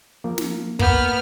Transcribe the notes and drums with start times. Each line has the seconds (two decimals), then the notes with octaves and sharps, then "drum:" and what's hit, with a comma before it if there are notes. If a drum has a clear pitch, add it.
0.24 F3 A#3
0.38 drum: snare
0.79 A#3 B3 F6 G6, drum: kick